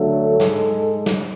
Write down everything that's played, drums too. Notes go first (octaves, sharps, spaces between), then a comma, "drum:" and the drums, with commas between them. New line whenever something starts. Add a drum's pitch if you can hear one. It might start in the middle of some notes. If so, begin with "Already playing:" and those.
Already playing: D2 D3 F#3 A3 A4
G#2 G#3, drum: snare
drum: snare